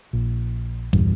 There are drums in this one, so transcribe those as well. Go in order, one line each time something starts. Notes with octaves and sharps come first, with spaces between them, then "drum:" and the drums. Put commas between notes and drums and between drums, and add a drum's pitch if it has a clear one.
A#1
A#1 E2 G2, drum: kick